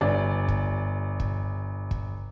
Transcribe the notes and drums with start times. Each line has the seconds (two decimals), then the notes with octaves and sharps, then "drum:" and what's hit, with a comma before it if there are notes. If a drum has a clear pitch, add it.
0.01 G1 D5
0.48 drum: kick
1.20 drum: kick
1.91 drum: kick